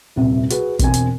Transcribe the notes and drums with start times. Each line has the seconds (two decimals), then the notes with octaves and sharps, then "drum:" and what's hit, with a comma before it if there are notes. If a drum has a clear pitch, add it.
0.16 D#1 C2 C3 E5
0.50 F#4 G#4 B4, drum: hi-hat
0.79 E1 C4 G#5, drum: kick, hi-hat
0.94 drum: hi-hat